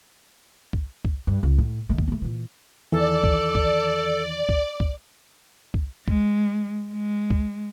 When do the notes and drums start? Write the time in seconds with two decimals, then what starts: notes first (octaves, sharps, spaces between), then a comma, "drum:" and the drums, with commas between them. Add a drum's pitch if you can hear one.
0.73 drum: kick
1.05 drum: kick
1.27 G2
1.43 C#2
1.58 A2
1.89 D#3 A3
1.98 drum: kick
2.07 A3 B3
2.22 A#2 E3
2.92 E2 D#3 E3 A4 D5
3.24 drum: kick
3.55 drum: kick
4.49 drum: kick
4.80 drum: kick
5.74 drum: kick
6.08 G#3, drum: kick
6.92 G#3
7.30 drum: kick